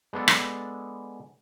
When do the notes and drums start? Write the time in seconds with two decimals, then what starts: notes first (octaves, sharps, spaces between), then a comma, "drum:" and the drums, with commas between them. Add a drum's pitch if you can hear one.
0.13 G#3 B3 D4 A4
0.28 drum: rim click